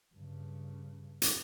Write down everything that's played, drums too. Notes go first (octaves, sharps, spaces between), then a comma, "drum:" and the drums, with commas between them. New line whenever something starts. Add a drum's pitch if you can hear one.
G2 C#3
drum: hi-hat